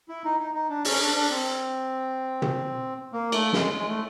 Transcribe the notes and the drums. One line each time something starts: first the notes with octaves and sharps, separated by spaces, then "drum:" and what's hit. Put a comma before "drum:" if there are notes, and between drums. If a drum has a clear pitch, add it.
E4
D#4
D#4
D#4
D4
C#4, drum: open hi-hat
D4
D4
C4
drum: tom
A#3
A3, drum: cymbal
G#3, drum: snare
G#3
A3